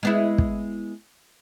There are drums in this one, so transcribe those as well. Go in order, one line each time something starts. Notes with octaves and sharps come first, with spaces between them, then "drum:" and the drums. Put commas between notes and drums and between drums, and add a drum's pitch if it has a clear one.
G#3 B3 E4
drum: kick